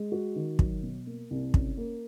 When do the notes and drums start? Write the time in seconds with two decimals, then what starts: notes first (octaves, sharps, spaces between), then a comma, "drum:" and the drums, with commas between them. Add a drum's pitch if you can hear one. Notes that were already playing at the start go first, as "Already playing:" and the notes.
Already playing: G#3
0.12 F#4
0.36 D#3
0.59 F#3, drum: kick
0.83 B2
1.06 A#3
1.31 C2
1.54 C#4, drum: kick
1.77 A#3